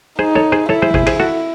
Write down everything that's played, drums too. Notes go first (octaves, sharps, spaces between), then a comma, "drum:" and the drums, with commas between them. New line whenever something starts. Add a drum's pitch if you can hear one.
D#4 G#4 C5
A4 C#5
G#4 C5
E4 A4 C#5
G#4 C5
G#4 C5, drum: kick
G#4 C5, drum: cymbal
E4 F#4 A4